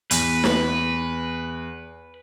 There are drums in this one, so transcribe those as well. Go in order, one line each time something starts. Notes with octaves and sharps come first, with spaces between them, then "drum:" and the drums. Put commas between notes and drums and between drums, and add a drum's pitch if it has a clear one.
E2 B4, drum: hi-hat
drum: snare